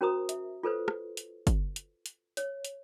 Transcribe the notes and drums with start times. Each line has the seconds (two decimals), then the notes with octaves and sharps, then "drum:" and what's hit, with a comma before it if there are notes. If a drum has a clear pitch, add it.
0.01 C#4 F#4 A#4 C5 A#5 D#6
0.29 E5, drum: hi-hat
0.63 F4 A4 B4 C5
0.88 drum: rim click
1.17 drum: hi-hat
1.47 drum: kick G1, hi-hat
1.76 drum: hi-hat
2.06 drum: hi-hat
2.37 C#5, drum: hi-hat
2.65 drum: hi-hat